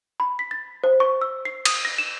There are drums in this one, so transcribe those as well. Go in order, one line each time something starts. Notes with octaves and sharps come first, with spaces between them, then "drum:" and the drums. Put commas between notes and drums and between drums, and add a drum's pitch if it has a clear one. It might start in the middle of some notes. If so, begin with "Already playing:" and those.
B5
B6
A6
C5
C#6
E6
C7
D#6, drum: cymbal
A#6
E7